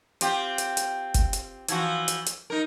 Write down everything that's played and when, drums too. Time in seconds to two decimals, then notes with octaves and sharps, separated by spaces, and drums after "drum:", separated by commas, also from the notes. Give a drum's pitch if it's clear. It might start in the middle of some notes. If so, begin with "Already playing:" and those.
0.21 C4 F4 G4, drum: hi-hat
0.58 drum: hi-hat
0.77 drum: hi-hat
1.14 drum: kick G1, hi-hat
1.33 drum: hi-hat
1.69 E3 F3 F#4, drum: hi-hat
2.08 drum: hi-hat
2.27 drum: hi-hat
2.50 D#4 A#4